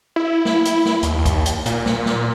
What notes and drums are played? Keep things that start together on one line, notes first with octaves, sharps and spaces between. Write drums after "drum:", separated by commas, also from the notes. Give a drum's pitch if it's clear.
E4
drum: snare
drum: hi-hat
drum: snare
D#2, drum: hi-hat
drum: kick B1, hi-hat
drum: hi-hat
A#2, drum: hi-hat
drum: snare
drum: snare